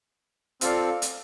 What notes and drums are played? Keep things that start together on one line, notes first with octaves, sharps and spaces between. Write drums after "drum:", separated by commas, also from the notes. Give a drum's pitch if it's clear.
C4 F4 A4 D5 F5, drum: hi-hat
drum: hi-hat